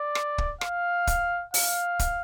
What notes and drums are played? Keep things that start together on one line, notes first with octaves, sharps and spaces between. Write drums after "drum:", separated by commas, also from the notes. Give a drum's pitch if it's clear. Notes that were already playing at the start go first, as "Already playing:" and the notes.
Already playing: D5
drum: rim click
drum: kick
F5, drum: rim click
drum: kick, hi-hat
F5, drum: open hi-hat
drum: kick, hi-hat